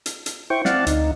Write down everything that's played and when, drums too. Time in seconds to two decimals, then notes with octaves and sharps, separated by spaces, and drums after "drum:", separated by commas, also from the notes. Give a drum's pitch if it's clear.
0.06 drum: hi-hat
0.26 drum: hi-hat
0.50 E4 C5 G5 C#6
0.65 C4 D5 F5 F#5 A5, drum: snare
0.87 D2 D#4, drum: hi-hat